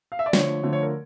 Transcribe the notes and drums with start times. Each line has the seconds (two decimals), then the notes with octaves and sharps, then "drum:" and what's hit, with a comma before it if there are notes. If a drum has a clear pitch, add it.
0.12 F5
0.19 E5
0.26 D5
0.33 D3 F3 A3 C#5, drum: snare
0.63 D3 F3 A3
0.73 C#5
0.83 A#4